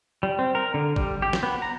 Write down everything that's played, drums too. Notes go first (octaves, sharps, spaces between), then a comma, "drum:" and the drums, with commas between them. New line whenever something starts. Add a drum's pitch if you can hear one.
G3
C4
A#4
D3
G3, drum: kick
G4
drum: snare
B3
A#5